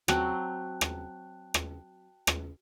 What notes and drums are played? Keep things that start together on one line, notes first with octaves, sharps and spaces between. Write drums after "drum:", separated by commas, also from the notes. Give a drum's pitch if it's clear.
F#3 C4 G5 A5 F#6, drum: rim click
drum: rim click
drum: rim click
drum: rim click